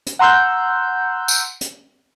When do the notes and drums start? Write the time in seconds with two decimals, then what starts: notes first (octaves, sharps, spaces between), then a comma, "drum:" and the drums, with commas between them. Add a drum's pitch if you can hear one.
0.07 drum: hi-hat
0.19 F#5 A#5 C6 E6 F#6 G6
1.28 drum: tambourine
1.61 drum: hi-hat